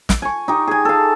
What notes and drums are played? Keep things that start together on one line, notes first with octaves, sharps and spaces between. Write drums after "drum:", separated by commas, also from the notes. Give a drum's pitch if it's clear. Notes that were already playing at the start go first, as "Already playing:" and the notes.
drum: snare
G#5 C#6
D#4 G4
G#4 G#5
A4 F5